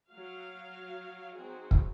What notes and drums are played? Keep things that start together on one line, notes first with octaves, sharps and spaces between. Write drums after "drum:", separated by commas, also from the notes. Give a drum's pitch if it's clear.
F#3 F5
F#3 C4 D#4 F#4 G#4
drum: kick